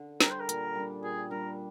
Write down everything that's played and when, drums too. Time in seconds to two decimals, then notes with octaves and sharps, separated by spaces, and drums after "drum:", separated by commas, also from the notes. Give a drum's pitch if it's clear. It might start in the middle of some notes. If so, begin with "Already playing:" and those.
Already playing: D3
0.20 G3 D4 A#4, drum: snare
0.30 C5
0.40 A#4
0.49 A#2, drum: hi-hat
0.75 G3 D4
1.03 A#2 G#4
1.30 G3 D4 A#4